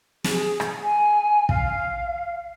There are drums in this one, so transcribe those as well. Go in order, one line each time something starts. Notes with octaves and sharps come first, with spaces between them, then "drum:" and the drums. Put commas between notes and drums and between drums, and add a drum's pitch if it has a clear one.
G#4, drum: snare
drum: rim click
G#5
F5, drum: kick